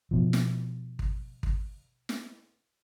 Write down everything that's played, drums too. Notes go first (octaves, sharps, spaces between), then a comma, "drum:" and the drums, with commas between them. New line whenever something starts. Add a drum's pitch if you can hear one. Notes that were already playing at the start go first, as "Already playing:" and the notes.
B2 F3
drum: snare
drum: kick
drum: kick
drum: snare